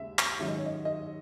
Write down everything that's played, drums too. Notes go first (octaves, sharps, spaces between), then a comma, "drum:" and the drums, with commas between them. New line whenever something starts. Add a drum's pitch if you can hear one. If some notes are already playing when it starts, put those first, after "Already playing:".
Already playing: D#2 C#3 G#3 E5
drum: clap
G#2 D#3 F#3 C#4 E5
D#5
C#5
D#5
D#5